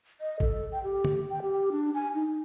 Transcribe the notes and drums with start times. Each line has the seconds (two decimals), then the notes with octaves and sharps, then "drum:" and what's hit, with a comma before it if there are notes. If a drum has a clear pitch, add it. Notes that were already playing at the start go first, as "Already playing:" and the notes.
0.21 D#5
0.40 A4, drum: kick
0.72 G5
0.84 G4
1.04 drum: tom
1.30 G5
1.42 G4
1.72 D4
1.95 G#5
2.14 D#4